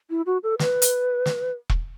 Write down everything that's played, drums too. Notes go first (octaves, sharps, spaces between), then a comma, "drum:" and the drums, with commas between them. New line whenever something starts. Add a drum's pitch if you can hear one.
E4
F#4
A4
B4, drum: snare
drum: hi-hat
drum: snare
drum: kick E1